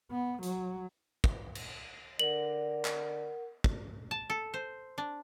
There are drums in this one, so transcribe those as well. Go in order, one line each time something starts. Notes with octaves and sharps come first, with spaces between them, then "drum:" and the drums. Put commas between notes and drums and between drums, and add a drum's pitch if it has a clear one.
B3
F#3, drum: hi-hat
drum: kick
drum: cymbal
D3 A#4 D5 F#5 F#7
drum: clap
drum: kick
A5
A4
C5
D4